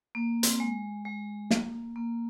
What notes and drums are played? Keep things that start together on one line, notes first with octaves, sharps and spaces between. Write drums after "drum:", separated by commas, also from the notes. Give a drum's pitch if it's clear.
A#3
C4, drum: hi-hat
A#3
G#3
G#3
A#3, drum: snare
A#3